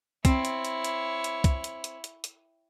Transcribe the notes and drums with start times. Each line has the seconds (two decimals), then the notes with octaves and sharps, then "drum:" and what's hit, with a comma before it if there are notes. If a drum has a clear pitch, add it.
0.25 C4 E4 C#5, drum: kick, hi-hat
0.45 drum: hi-hat
0.65 drum: hi-hat
0.84 drum: hi-hat
1.24 drum: hi-hat
1.44 drum: kick, hi-hat
1.64 drum: hi-hat
1.84 drum: hi-hat
2.04 drum: hi-hat
2.24 drum: hi-hat